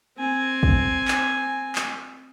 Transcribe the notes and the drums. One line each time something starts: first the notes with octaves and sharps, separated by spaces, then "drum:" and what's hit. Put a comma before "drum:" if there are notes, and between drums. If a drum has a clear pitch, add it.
C4 G#5
drum: kick
drum: clap
drum: clap